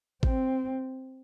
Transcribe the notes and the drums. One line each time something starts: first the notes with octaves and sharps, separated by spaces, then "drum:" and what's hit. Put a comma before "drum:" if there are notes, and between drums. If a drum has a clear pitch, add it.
C4, drum: kick G#1